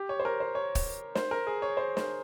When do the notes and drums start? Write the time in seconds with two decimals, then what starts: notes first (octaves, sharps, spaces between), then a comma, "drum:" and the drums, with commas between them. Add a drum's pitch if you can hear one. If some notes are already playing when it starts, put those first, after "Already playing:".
Already playing: G4
0.09 C#5
0.20 C5
0.25 A#4
0.40 C5
0.55 C#5
0.75 drum: kick, open hi-hat
1.15 C5, drum: snare
1.31 A#4
1.47 G#4
1.62 C#5
1.77 C5
1.97 C5, drum: snare